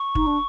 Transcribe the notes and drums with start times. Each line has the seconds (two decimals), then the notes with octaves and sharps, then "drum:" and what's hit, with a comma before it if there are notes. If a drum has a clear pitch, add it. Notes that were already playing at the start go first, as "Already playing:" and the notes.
Already playing: C#6
0.15 D#4, drum: kick
0.26 D4